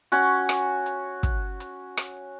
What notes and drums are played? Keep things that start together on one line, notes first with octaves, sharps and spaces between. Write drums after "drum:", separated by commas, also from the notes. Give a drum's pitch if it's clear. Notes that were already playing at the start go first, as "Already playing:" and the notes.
C#4 F#4, drum: hi-hat
drum: rim click
drum: hi-hat
drum: kick, hi-hat
drum: hi-hat
drum: rim click